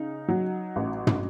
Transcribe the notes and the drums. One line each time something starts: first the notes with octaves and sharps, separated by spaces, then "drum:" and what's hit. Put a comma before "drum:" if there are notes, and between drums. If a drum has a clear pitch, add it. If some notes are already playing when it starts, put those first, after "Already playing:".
Already playing: C#3 D#4
F#3
A1
drum: tom